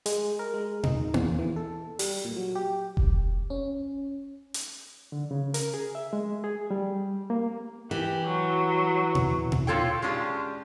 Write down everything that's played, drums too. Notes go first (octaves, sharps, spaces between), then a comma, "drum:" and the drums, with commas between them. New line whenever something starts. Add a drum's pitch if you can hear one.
G#3, drum: hi-hat
A#4
G#3
D#4, drum: tom A#2
E2, drum: tom A#3
E3
A4
G3, drum: open hi-hat
A#2
F#3
G4
drum: kick F1
C#4
drum: hi-hat
D3
C#3
A#4, drum: hi-hat
G#4
E5
G#3
G#4
G3
A#3
E3 G4
F#3
drum: tom A#2
drum: tom A#2
A#3 C4 F4 A4 C#5 G5
G#3 C#4 D4 F4 G4